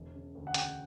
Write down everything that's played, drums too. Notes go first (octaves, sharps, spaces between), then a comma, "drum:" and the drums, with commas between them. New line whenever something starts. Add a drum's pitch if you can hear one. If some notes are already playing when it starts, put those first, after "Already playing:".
Already playing: E1
C#3
D2
F#5
C#3 G5, drum: hi-hat